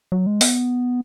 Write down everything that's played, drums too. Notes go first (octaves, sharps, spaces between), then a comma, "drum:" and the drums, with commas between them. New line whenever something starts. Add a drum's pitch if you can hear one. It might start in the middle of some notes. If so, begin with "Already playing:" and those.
F#3
G#3
B3, drum: open hi-hat